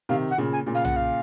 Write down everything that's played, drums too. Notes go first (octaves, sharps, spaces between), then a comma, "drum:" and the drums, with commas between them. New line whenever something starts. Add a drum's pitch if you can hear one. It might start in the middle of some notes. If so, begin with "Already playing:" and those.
C3 D#3 F5
F#5
A#2 C#3
G#5
A#2 C#3
F5
F#5, drum: tom B1
F5